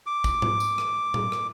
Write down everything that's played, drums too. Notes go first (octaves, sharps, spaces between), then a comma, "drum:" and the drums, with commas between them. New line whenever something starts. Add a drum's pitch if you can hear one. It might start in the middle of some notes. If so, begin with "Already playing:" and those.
D6
drum: kick, tambourine
drum: tom G#2
drum: tambourine
drum: rim click
drum: tom A2
drum: rim click